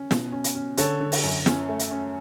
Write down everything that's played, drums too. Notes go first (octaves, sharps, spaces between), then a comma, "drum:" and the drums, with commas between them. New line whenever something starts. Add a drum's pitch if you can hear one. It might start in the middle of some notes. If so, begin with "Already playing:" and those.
Already playing: C#4
B2, drum: snare
C#4
drum: hi-hat
C#4
D3 A4 C#5, drum: hi-hat
D3
drum: open hi-hat
F#2
C#4, drum: snare
A3
drum: hi-hat
C#4